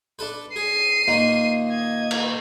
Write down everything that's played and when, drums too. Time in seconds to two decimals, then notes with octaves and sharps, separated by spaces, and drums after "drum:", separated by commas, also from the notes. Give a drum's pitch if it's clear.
0.19 D4 A4 B4
0.56 G#4 C7 D#7
1.08 A#2 D#3 A#3
1.69 D#5 G#6
2.11 drum: cymbal